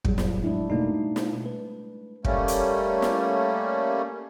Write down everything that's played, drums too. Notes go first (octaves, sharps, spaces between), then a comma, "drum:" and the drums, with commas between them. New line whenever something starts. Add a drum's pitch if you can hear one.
F2 A2 F#3 G3 G#4, drum: kick
drum: snare
G#3 D4 E4
B2 A3 A#3 D#4 D5
drum: snare
B4
G3 A3 A#3 C#4, drum: kick
drum: hi-hat
drum: snare